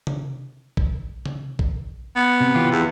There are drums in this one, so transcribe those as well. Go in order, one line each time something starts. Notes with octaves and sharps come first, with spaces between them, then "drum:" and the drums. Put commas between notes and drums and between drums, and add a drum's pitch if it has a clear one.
drum: tom C3
drum: kick
drum: tom C3
drum: kick
B3
C3
E3 F4 G4
E2